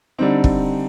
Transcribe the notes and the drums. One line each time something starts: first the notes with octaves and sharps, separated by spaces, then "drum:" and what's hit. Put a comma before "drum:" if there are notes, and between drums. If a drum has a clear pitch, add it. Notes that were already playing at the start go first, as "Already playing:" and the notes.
D3 G3 C4 D#4
drum: kick